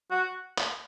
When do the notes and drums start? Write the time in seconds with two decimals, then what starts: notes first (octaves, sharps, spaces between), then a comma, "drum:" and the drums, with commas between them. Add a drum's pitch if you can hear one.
0.11 F#4
0.58 drum: clap